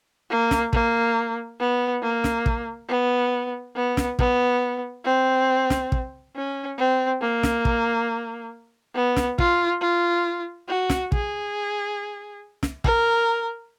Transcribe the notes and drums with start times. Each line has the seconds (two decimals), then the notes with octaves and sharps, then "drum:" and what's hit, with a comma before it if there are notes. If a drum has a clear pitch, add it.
0.30 A#3
0.51 drum: snare
0.73 A#3, drum: kick
1.60 B3
2.02 A#3
2.24 drum: snare
2.46 drum: kick
2.88 B3
3.75 B3
3.97 drum: snare
4.19 B3, drum: kick
5.05 C4
5.70 drum: snare
5.92 drum: kick
6.35 C#4
6.78 C4
7.21 A#3
7.43 drum: snare
7.65 drum: kick
8.95 B3
9.16 drum: snare
9.38 F4, drum: kick
9.81 F4
10.68 F#4
10.90 drum: snare
11.12 G#4, drum: kick
12.63 drum: snare
12.84 A#4, drum: kick